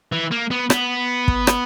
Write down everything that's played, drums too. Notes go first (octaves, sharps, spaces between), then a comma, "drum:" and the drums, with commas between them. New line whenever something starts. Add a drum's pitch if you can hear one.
E3
A#3
B3
B3, drum: rim click
drum: kick
drum: rim click